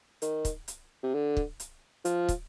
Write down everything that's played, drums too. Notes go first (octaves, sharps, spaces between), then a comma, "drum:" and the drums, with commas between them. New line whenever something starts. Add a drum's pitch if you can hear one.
D#3, drum: hi-hat
drum: kick, hi-hat
drum: hi-hat
C3
D3
drum: kick
drum: hi-hat
F3, drum: hi-hat
drum: kick, hi-hat